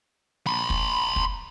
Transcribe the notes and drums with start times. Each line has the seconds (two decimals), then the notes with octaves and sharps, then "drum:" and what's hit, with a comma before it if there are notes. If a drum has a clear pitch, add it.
0.47 B5 C6
0.70 drum: kick
1.16 drum: kick